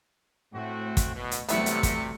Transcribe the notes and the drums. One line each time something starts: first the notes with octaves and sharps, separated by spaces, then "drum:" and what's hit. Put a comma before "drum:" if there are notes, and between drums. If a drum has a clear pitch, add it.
A2 A3 C4 F#4
drum: kick, hi-hat
B2
drum: hi-hat
C3 E3 F#3 G3 A3 B3 E4 C#7, drum: hi-hat
drum: hi-hat
drum: kick, hi-hat